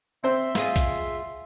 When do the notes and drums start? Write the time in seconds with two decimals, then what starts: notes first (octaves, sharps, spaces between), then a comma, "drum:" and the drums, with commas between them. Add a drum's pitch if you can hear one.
0.24 C4 C5 E5 C6
0.55 F4 G#4 D#5, drum: snare
0.76 drum: kick A#1, hi-hat